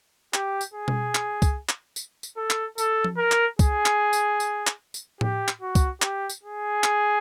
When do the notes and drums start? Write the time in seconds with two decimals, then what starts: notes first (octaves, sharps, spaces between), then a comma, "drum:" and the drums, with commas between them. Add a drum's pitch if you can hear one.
0.34 G4, drum: clap
0.61 drum: tambourine
0.74 G#4
0.88 drum: tom B2
1.15 drum: clap
1.42 drum: kick, tambourine
1.69 drum: clap
1.96 drum: tambourine
2.23 drum: tambourine
2.37 A4
2.50 drum: clap
2.78 A4, drum: tambourine
3.05 drum: tom F3
3.18 A#4
3.32 drum: clap
3.59 G#4, drum: kick, tambourine
3.86 drum: clap
4.13 drum: tambourine
4.40 drum: tambourine
4.67 drum: clap
4.94 drum: tambourine
5.21 G4, drum: tom A2
5.48 drum: clap
5.62 F#4
5.75 drum: kick, tambourine
6.02 G4, drum: clap
6.30 drum: tambourine
6.44 G#4
6.84 drum: clap